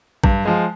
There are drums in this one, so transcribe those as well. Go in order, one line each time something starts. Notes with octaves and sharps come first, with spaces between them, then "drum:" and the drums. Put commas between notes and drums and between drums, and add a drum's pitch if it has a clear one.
G2, drum: kick
F3 G#3